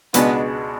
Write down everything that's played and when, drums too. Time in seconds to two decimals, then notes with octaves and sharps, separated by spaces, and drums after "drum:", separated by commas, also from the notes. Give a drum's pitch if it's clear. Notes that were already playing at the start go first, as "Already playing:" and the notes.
0.14 C#2 B2 G#3 B3 D4 F#4, drum: hi-hat